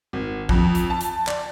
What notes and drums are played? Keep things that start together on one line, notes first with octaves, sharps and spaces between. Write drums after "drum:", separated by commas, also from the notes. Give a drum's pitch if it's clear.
G#1
F2, drum: kick A#1
drum: hi-hat
A5
drum: hi-hat
D5, drum: clap